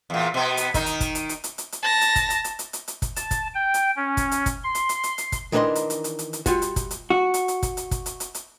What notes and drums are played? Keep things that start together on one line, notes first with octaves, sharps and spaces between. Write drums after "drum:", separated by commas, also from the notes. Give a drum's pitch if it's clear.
E2 A#2
B2 B3
drum: hi-hat
D#3 D#4, drum: kick, hi-hat
drum: hi-hat
drum: kick, hi-hat
drum: hi-hat
drum: hi-hat
drum: hi-hat
drum: hi-hat
drum: hi-hat
A5 A#6
drum: hi-hat
drum: kick, hi-hat
drum: hi-hat
drum: hi-hat
drum: hi-hat
drum: hi-hat
drum: hi-hat
drum: kick, hi-hat
A5, drum: hi-hat
drum: kick, hi-hat
G5
drum: hi-hat
C#4
drum: kick, hi-hat
drum: hi-hat
drum: kick, hi-hat
C6
drum: hi-hat
drum: hi-hat
drum: hi-hat
drum: hi-hat
drum: kick, hi-hat
D#3 E3 D4 A#4 D#5 C6
drum: hi-hat
drum: hi-hat
drum: hi-hat
drum: hi-hat
drum: hi-hat
G3 F4 F#4, drum: kick, hi-hat
drum: hi-hat
drum: kick, hi-hat
drum: hi-hat
F#4
drum: hi-hat
drum: hi-hat
drum: kick, hi-hat
drum: hi-hat
drum: kick, hi-hat
drum: hi-hat
drum: hi-hat
drum: hi-hat